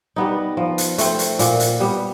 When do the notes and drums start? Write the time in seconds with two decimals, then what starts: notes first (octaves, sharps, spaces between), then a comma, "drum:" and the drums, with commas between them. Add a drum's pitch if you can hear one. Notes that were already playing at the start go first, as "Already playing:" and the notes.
0.16 G3 B3 D#4
0.57 F3
0.78 drum: hi-hat
0.98 A3 C4, drum: hi-hat
1.19 drum: hi-hat
1.39 A#2, drum: hi-hat
1.60 drum: hi-hat
1.80 G3 B3